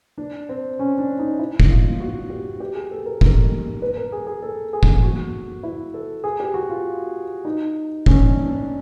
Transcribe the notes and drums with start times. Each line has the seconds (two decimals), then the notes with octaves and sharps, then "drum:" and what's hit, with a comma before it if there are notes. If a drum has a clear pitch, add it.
0.18 D4
0.49 C4
0.79 C#4
0.98 D4
1.19 D#4
1.39 E4
1.60 drum: kick F1
1.70 F4
2.00 F#4
2.30 G4
2.60 G4
2.75 G#4
2.91 A4
3.06 A#4
3.21 A#4, drum: kick F1
3.82 B4
3.97 A#4
4.12 G#4
4.27 G#4
4.42 A4
4.73 G#4
4.83 drum: kick F1
5.03 F#4
5.63 E4
5.94 A4
6.24 G#4
6.40 G4
6.54 F#4
6.70 F4
7.45 D#4
8.06 C#4, drum: kick F1
8.26 D4
8.46 D4